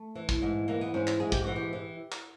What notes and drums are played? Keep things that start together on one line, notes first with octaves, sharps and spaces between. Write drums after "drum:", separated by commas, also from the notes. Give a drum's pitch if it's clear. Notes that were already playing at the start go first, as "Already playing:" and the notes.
Already playing: A3
E3
drum: kick
G#2
E3 A#3
B3
G#2 C#4
drum: clap
G#2 G#4
G4, drum: kick
E3 F#4
G4
E3
drum: clap